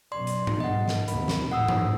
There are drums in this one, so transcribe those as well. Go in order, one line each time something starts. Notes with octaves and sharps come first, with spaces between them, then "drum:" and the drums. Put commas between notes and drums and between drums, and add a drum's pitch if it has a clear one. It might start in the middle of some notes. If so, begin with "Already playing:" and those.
F#2 B2 D5 C6
drum: hi-hat
drum: tom G#2
G2 D#5 F#5
drum: snare
D#2 C3 B5, drum: hi-hat
drum: snare
A2 F#5 D#6 E6
drum: tom